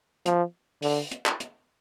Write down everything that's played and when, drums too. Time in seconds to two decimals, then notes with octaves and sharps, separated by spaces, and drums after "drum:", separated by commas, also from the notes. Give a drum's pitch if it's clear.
0.26 F3, drum: hi-hat
0.82 D3, drum: open hi-hat
1.11 drum: hi-hat
1.26 drum: clap
1.40 drum: hi-hat